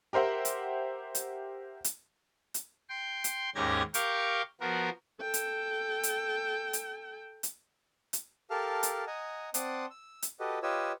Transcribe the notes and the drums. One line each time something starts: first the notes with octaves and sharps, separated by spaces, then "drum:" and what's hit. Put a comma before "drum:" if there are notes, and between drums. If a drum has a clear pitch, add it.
G4 A#4 C5 E5 F#5
drum: hi-hat
drum: hi-hat
drum: hi-hat
drum: hi-hat
G5 C6
drum: hi-hat
D#2 G#2 C#4 G4 G#6 A#6
G4 A#4 F5 G5 C#6, drum: hi-hat
F3 B3 F#4 A#4
A4 G5
drum: hi-hat
drum: hi-hat
drum: hi-hat
drum: hi-hat
drum: hi-hat
G4 A4 A#4 F5 A5 F6
drum: hi-hat
D#5 F#5 G#5 A#5 D#6
C4 D5 F#5 A5 C6 D#6, drum: hi-hat
E6
drum: hi-hat
F#4 G4 A4 B4 D#5
F4 G4 B4 C#5 D#5 E6